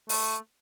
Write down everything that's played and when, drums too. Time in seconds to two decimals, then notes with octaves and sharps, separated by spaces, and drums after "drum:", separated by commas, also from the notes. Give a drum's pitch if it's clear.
0.09 A3, drum: open hi-hat